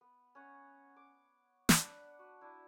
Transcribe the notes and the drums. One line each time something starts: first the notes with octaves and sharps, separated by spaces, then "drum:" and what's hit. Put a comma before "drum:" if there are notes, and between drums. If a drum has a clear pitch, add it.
B3
C#4 F#5
D6
D4 B4 F#5, drum: snare
F#4
D4 E4